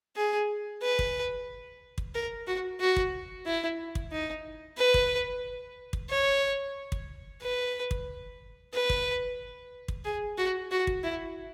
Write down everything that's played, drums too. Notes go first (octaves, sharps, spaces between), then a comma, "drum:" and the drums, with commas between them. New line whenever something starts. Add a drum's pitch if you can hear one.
G#4
B4
drum: kick
drum: kick
A#4
F#4
F#4
drum: kick
E4
drum: kick
D#4
B4
drum: kick
drum: kick
C#5
drum: kick
B4
drum: kick
B4
drum: kick
drum: kick
G#4
F#4
F#4
drum: kick
E4